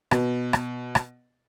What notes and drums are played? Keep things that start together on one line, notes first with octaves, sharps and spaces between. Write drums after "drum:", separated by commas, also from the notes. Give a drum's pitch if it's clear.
B2, drum: rim click
drum: rim click
drum: rim click